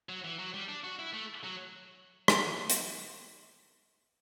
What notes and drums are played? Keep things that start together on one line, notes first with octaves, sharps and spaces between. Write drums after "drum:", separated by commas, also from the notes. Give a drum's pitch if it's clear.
F#3
E3
F#3
G3
D4
F#4
E4
A3
F#3
drum: rim click
drum: hi-hat